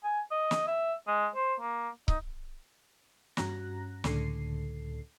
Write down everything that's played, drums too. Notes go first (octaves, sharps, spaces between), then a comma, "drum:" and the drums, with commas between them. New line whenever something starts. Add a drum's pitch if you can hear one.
G#5
D#5
drum: snare
E5
G#3
C5
A#3
D#4, drum: kick C#1
G2 C#4 F#4 A#5 F#6 A#6, drum: snare
C#2 A2 D3 A4 C7, drum: snare